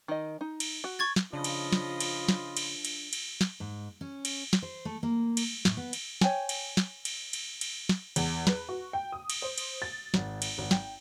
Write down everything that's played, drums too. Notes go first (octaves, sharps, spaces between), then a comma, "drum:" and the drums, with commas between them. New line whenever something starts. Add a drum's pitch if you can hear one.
D#3 D#5
D#4
drum: cymbal
F#4
C#6 G#6 A6
drum: snare
C#3 F3 D4 F4 D#5 B5
drum: cymbal
drum: snare
drum: cymbal
drum: snare
drum: cymbal
drum: cymbal
drum: cymbal
drum: snare
G#2
C#4
drum: cymbal
drum: snare
C5
A3
A#3
drum: cymbal
A2, drum: snare
B3
drum: cymbal
C#5 G5 G#5, drum: snare
drum: cymbal
drum: snare
drum: cymbal
drum: cymbal
drum: cymbal
drum: snare
E2, drum: cymbal
B4, drum: snare
F#4
G5
D#6
drum: cymbal
C5
drum: cymbal
A6
G#1, drum: snare
drum: cymbal
G#1
G5, drum: snare